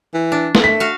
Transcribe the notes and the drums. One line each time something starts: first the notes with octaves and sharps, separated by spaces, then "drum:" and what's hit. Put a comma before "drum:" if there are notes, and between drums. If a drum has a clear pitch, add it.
E3
D4
drum: snare
A3 B6
F#4 F5